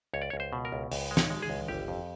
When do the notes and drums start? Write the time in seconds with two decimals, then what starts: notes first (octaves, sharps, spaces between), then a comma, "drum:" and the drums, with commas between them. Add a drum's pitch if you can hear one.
0.14 C#2 C#5
0.22 D5
0.30 C#5
0.34 C#2
0.40 C5
0.53 B2
0.65 A#4
0.72 C#2
0.92 C#2, drum: open hi-hat
1.11 G#3
1.17 C#5, drum: snare
1.30 G#3
1.42 G#4
1.50 C#2
1.68 G1 G4
1.88 F2